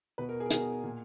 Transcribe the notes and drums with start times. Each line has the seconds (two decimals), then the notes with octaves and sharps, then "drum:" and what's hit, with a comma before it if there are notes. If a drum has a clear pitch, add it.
0.18 B2 B4
0.29 A#4
0.40 G#4
0.46 A#4
0.51 B2 G#4, drum: hi-hat
0.83 A#2